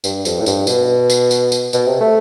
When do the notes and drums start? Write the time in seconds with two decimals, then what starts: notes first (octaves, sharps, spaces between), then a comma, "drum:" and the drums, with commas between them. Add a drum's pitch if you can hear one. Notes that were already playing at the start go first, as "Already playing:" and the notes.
0.04 G2, drum: tambourine
0.25 F2, drum: tambourine
0.40 A2
0.46 G2, drum: tambourine
0.67 B2, drum: tambourine
1.10 drum: tambourine
1.31 drum: tambourine
1.52 drum: tambourine
1.73 B2, drum: tambourine
1.87 C3
2.01 A3